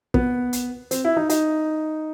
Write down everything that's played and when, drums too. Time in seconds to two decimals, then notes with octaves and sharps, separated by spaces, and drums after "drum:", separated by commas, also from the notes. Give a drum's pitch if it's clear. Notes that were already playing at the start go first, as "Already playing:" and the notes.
0.14 B3, drum: kick
0.53 drum: hi-hat
0.91 C4, drum: hi-hat
1.05 E4
1.17 D#4
1.29 D#4, drum: hi-hat